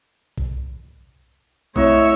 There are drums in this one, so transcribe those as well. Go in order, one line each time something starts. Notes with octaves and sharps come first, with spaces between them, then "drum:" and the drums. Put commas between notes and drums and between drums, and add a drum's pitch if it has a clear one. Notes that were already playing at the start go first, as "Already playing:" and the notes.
drum: kick B1
A3 C4 E4 C#5 E5, drum: kick B1